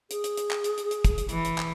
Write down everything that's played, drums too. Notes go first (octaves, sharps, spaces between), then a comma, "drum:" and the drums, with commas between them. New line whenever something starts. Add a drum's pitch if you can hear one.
G#4, drum: hi-hat
drum: hi-hat
drum: hi-hat
drum: clap
drum: hi-hat
drum: hi-hat
drum: hi-hat
drum: kick, hi-hat
drum: hi-hat
E3, drum: hi-hat
drum: hi-hat
drum: clap